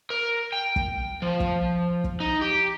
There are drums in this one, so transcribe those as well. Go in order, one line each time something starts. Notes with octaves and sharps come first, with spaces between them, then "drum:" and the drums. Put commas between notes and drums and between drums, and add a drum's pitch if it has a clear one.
A#4
G5
drum: kick
F3
drum: kick
drum: kick
D#4
G4